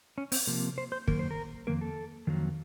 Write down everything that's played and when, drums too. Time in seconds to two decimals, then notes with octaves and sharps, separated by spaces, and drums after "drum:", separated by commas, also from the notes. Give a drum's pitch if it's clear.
0.18 C#4
0.32 C4, drum: open hi-hat
0.47 C3 F3 A#3
0.78 C5
0.92 C5
1.07 F#2 D#3 A#3 A#4, drum: kick
1.19 C5
1.31 A#4
1.67 F2 D#3 A#3 A#4
1.81 A4
2.27 F2 D#3 F#3 A#3